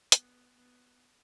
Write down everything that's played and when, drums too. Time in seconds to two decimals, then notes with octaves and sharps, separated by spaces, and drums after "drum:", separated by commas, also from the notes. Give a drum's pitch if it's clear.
0.12 B3, drum: hi-hat
0.57 B3